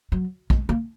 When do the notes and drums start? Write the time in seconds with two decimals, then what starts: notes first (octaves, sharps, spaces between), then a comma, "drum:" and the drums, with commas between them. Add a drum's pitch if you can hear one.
0.12 F#3
0.50 G#3, drum: kick A#1
0.69 A#3